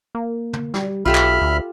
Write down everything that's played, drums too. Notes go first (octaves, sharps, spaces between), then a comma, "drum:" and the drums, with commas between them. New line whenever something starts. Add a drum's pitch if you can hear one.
A#3
drum: tom
G3, drum: snare
B1 F4 G4 A4 E5 B5 F6
drum: clap
D2